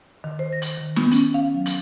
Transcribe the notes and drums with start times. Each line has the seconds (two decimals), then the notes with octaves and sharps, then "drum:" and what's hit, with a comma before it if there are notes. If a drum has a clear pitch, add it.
0.24 D#3
0.39 C5
0.53 A#6
0.62 drum: hi-hat
0.78 D#3
0.96 B3, drum: snare
1.11 C#4, drum: hi-hat
1.34 F5
1.54 F#3
1.66 drum: hi-hat